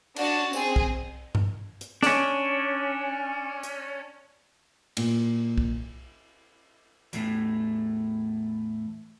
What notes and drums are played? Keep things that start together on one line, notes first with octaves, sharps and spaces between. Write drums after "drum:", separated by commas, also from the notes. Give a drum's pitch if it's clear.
D4 F#4 A5, drum: cymbal
C4 G#4, drum: tambourine
drum: kick
drum: tom G2
drum: hi-hat
C#4 D4, drum: snare
drum: hi-hat
A#2, drum: cymbal
drum: kick
E2 A2 A3, drum: hi-hat